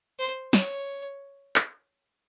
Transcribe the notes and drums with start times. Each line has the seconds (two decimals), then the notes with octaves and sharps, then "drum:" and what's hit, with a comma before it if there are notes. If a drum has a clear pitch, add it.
0.20 C5
0.53 C#5, drum: snare
1.56 drum: clap